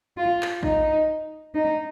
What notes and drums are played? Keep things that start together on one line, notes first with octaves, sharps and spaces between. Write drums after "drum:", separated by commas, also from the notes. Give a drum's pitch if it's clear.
F4
drum: clap
D#4, drum: kick A1
D#4